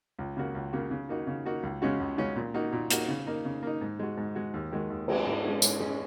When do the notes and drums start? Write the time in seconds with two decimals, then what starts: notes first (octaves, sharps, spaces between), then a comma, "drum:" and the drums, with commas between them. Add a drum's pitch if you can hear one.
0.19 C#2
0.37 C#3 A#3 F#4
0.55 C#2
0.73 C#3 A#3 F#4
0.91 C#3
1.09 A#3 D#4 F#4
1.27 C#3
1.45 A#3 D#4 F#4
1.63 C#2
1.82 C#3 G#3 C#4 F#4
2.00 C#2
2.18 C#3 G#3 C#4 F#4
2.36 A#2
2.54 A#3 D#4 F#4
2.72 A#2
2.90 A#3 D#4 F#4, drum: hi-hat
3.08 C#3
3.27 A#3 D#4
3.45 C#3
3.63 A#3 D#4
3.81 G#2
3.99 G#3 F#4
4.17 G#2
4.35 G#3 F#4
4.54 D#2
4.72 D#3 G#3 F#4
4.90 D#2
5.08 D#3 G#3 F#4, drum: cymbal
5.26 G#2
5.44 G#3 C#4 G#4
5.62 G#2, drum: tambourine
5.80 G#3 C#4 G#4